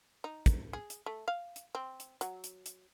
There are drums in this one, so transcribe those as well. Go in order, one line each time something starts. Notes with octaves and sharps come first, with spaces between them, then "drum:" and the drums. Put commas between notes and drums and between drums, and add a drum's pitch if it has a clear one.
D#4
drum: kick, hi-hat
G#4
drum: hi-hat
A3
F5
drum: hi-hat
C4
drum: hi-hat
F#3, drum: hi-hat
drum: hi-hat
drum: hi-hat